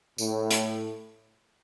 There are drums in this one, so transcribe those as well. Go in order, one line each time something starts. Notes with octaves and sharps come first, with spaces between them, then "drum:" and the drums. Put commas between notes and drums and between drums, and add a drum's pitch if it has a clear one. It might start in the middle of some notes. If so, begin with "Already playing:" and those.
A2, drum: tambourine
drum: hi-hat